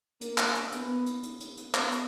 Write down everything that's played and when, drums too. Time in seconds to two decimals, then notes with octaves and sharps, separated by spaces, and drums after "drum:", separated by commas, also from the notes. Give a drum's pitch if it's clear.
0.21 A#3, drum: hi-hat
0.38 drum: clap
0.55 drum: hi-hat
0.72 B3, drum: hi-hat
1.06 drum: hi-hat
1.23 drum: hi-hat
1.40 drum: hi-hat
1.57 drum: hi-hat
1.74 B3, drum: clap
1.91 drum: hi-hat